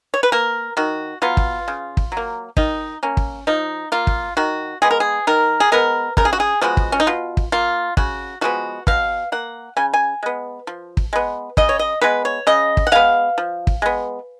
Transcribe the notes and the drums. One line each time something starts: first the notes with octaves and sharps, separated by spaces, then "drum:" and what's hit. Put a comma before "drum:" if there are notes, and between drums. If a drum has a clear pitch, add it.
C#5
B4
A#3 A#4
D#3 F#4
F#3 B3 F4
drum: kick
C#3
drum: kick
F#3
A#3
D#3 D#4, drum: kick
A#3 C#4
drum: kick
F3 D#4
A#3 F4
drum: kick
D#3 F#4
G#3 B3 G#4
A#4
G#4
D#3 A#4
G#4
G#3 B3 A#4
C#3 A#4, drum: kick
G#4
F#4
G#4
F3 G#3 B3 F#4
drum: kick
C#4
D#4
B2 F4
drum: kick
A#3 F4
C#3 F#4, drum: kick
F3 G#3 B3 F#4
B2 F5, drum: kick
A#3 F#5
C#3 G#5
G#5
G#3 B3
F3
drum: kick
G#3 B3
C#3 D#5, drum: kick
C#5
D#5
G#3 B3 B4
C#5
C#3 D#5
drum: kick
F#5
G#3 B3 F5
F3
drum: kick
G#3 B3